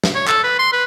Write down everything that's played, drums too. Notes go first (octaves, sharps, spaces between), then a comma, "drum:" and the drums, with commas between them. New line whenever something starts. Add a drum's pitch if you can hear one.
drum: snare
C#5
A4, drum: clap
B4
C6
B4